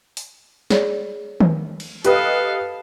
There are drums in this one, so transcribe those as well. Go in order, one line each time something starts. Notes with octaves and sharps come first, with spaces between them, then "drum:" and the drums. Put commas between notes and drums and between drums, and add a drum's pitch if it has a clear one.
drum: open hi-hat
G#4 C#5 D5, drum: snare
drum: tom D#3
drum: cymbal
G4 A4 B4 D#5 F5, drum: hi-hat